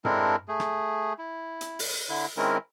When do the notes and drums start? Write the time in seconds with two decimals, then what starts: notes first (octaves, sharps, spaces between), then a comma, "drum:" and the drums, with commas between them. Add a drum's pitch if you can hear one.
0.05 G#3 C4 D4 E4 A4 A#4, drum: tom G2
0.48 A3 G#4
0.60 drum: rim click
1.19 E4
1.61 drum: hi-hat
1.79 drum: open hi-hat
2.09 D3 E4
2.37 D#3 G#3 C4 C#4 E4 A#4